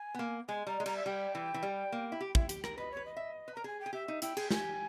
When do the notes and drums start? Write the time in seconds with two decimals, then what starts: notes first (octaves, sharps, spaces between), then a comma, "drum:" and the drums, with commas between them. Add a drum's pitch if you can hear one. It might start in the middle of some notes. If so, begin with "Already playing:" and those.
Already playing: G#5
0.14 B3
0.19 A#3
0.48 G#3 G#5
0.67 G3 A#5
0.80 G#3
0.86 G3 A#5, drum: cymbal
0.96 E5
1.05 G3 G5
1.35 E3
1.54 E3
1.63 G3
1.92 A#3
2.12 E4
2.21 G4
2.35 E4, drum: kick
2.49 G4, drum: hi-hat
2.64 A#4, drum: rim click
2.78 B4 D#5
2.91 C#5
2.97 B4
3.05 D#5
3.17 E5
3.48 B4
3.54 A#4 A#5
3.64 G#4 G#5
3.80 G5
3.86 G#4
3.93 G4 E5
4.08 D#4
4.22 E4 G5, drum: hi-hat
4.37 G#4, drum: cymbal
4.51 G4 G#5, drum: snare